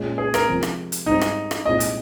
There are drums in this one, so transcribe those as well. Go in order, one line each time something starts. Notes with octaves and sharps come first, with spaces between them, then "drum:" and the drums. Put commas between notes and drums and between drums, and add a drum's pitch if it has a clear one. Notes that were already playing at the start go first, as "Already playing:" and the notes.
Already playing: A#2 G#3 C#4
G#4
A#4, drum: rim click
C3 F3 G#3 C4
drum: rim click
drum: hi-hat
G#2 G3 C4 D#4
drum: rim click
drum: rim click
C2 A#2 G#3 C4 D#4 D#5
drum: hi-hat